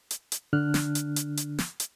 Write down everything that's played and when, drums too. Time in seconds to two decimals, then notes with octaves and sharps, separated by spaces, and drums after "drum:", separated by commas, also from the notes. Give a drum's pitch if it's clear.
0.11 drum: hi-hat
0.32 drum: hi-hat
0.53 D3 D4 F6 F#6
0.74 drum: snare
0.95 drum: hi-hat
1.16 drum: hi-hat
1.37 drum: hi-hat
1.59 drum: snare
1.80 drum: hi-hat